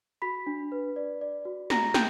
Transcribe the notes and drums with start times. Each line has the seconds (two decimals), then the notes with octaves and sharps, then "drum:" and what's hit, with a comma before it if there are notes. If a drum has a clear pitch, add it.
0.22 F#4 B5 B6
0.47 D4
0.72 B4
0.96 D5
1.21 D5
1.45 F#4
1.70 F#4 A#5 A#6, drum: snare
1.94 G5 G6, drum: snare